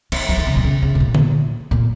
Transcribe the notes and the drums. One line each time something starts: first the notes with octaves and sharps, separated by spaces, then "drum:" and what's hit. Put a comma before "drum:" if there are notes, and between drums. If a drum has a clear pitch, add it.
D#3, drum: cymbal
F3
D#3
C#3
A#2
C#3
C#3
G#2
A#2
drum: tom D3
A#2